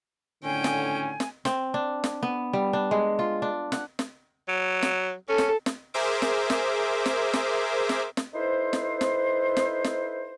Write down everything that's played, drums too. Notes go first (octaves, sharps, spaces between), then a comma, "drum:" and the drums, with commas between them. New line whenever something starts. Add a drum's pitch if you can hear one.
G#1 A2 D3 C#4 G5 G#5
drum: snare
drum: snare
C4, drum: snare
D4
drum: snare
B3
G3
D4
G#3
F4
D4
F#5, drum: snare
drum: snare
F#3
drum: snare
C#4 A4
drum: snare
drum: snare
G#4 A#4 C5 E5 D6
drum: snare
drum: snare
drum: snare
drum: snare
drum: snare
drum: snare
D#4 E4 A4 B4 C5
drum: snare
drum: snare
drum: snare
drum: snare